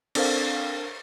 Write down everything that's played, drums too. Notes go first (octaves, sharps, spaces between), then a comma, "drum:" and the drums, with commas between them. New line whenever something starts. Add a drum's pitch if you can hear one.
C4 D4 A4 A#4 C5 F5, drum: cymbal